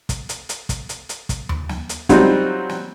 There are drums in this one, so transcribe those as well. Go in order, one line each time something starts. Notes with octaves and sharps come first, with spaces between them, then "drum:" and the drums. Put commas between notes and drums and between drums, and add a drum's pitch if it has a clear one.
drum: kick, hi-hat
drum: hi-hat
drum: hi-hat
drum: kick, hi-hat
drum: hi-hat
drum: hi-hat
drum: kick, hi-hat
drum: tom D#2
drum: snare
drum: hi-hat
F#3 G3 C4 D#4 F4, drum: kick, hi-hat
drum: snare